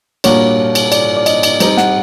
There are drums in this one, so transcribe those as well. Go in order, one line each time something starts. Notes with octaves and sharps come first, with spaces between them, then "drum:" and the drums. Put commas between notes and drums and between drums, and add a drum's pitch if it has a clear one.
A#2 G3 A#3 D4 F#4 C#5, drum: cymbal
drum: cymbal
D5, drum: cymbal
D5
D#5, drum: cymbal
drum: cymbal
G3 C4 D#4, drum: cymbal
F#5, drum: snare